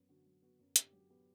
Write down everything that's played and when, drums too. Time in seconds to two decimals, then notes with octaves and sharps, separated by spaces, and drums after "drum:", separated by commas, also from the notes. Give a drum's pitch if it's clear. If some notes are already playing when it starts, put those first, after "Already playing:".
Already playing: F#2 F#3 B3
0.09 D3 F#4
0.26 F#3
0.42 B3 F#4
0.59 F#2
0.76 D3 G4, drum: hi-hat
0.93 F#3
1.10 B3 G4